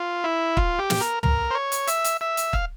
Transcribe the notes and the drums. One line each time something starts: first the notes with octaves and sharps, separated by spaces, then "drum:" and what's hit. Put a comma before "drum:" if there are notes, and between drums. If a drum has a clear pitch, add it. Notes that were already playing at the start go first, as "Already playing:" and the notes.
Already playing: F4
E4
F4, drum: kick
G4
drum: snare
A#4
A#4, drum: tom
C5
C#5
drum: hi-hat
E5, drum: hi-hat
drum: hi-hat
E5
drum: hi-hat
F5, drum: kick